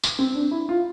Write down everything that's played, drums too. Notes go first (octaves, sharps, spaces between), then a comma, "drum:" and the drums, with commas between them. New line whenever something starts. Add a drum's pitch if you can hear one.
drum: tambourine
C4
D4
E4
F4